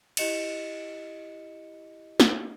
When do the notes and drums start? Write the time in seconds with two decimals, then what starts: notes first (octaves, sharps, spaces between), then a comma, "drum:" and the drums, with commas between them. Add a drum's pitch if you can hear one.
0.17 E4 G4 D#5 C#7 E7, drum: cymbal
2.20 drum: snare